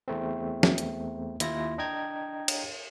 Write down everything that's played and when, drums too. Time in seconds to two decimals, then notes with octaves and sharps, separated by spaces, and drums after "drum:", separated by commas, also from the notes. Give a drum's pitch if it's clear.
0.08 E2 A3 C4
0.63 drum: snare
0.78 drum: hi-hat
1.40 D#2 E4 F4 A#6, drum: hi-hat
1.78 D4 D#5 G5 A#5 G#6
2.48 drum: cymbal